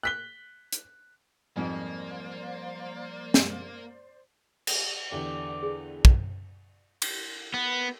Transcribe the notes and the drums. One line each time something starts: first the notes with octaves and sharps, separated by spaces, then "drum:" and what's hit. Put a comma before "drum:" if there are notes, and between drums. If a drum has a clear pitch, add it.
F#6 B6 G7
drum: hi-hat
F2 G#2 F3 G3 A#3 C5 D5
drum: snare
drum: cymbal
E2 D3 G4 D5
G#4
drum: kick
drum: cymbal
B3